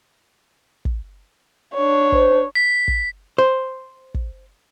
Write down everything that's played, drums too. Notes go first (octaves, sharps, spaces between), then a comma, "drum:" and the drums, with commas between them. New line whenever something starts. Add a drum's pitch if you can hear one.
drum: kick
D4 C#5
C5, drum: kick
B6
drum: kick
C5
drum: kick